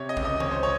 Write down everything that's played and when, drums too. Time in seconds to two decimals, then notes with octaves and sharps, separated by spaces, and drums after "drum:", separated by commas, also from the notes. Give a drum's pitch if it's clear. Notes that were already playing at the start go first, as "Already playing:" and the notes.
Already playing: C3 C#5
0.09 D#5
0.17 C#2, drum: kick A1
0.25 D#5
0.40 C#2 C#5, drum: tom D#3
0.51 C5
0.63 C#5